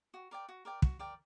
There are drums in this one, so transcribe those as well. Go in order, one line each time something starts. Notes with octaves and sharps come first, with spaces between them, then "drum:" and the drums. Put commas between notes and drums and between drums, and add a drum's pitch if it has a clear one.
F#4
A#4 D5 G5
F#4
A#4 D5 G5
F#4, drum: kick
A#4 D5 G5